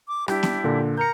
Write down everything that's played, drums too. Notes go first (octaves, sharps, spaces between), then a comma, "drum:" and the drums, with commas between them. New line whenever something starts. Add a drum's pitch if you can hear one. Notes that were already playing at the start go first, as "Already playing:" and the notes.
D6
G3 D4 E4 G4, drum: rim click
drum: snare B3
A#2 D3
A#4 A#5 G6 C#7